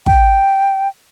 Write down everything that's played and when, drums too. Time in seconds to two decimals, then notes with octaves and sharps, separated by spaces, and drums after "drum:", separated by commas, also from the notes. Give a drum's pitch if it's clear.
0.06 G5, drum: kick